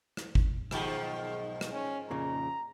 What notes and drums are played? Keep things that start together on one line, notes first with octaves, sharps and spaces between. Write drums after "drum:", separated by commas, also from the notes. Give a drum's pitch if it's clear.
drum: rim click
drum: kick G#1
B1 G#2 D#3 F3 G4, drum: rim click
drum: rim click
C#4
F2 A#2 C#3 A#5